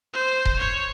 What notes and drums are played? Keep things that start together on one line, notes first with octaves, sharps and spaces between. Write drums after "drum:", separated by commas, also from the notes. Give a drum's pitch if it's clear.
C5
drum: kick D#1
C#5